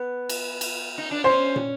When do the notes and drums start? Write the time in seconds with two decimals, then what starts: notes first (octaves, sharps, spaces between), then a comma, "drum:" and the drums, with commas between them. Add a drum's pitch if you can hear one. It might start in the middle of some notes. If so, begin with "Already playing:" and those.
Already playing: B3
0.29 drum: cymbal
0.61 drum: cymbal
0.98 D#4
1.11 D4
1.24 C#4 C5
1.56 drum: tom